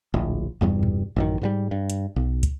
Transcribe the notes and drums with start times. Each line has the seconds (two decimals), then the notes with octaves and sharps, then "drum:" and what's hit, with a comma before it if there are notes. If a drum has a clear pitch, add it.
0.14 D1 A#1
0.61 F1 E2 G2 G3
0.83 drum: tom A2
1.16 A1 F#2 D#3
1.42 G#2 F#3 G3
1.71 G2
1.90 drum: hi-hat
2.16 B1
2.43 drum: kick, hi-hat